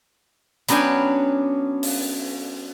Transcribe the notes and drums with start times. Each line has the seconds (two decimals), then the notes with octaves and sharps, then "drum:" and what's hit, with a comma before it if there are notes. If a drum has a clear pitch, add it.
0.69 F#3 B3 C#4 D4 G5 G#5, drum: hi-hat
1.83 drum: open hi-hat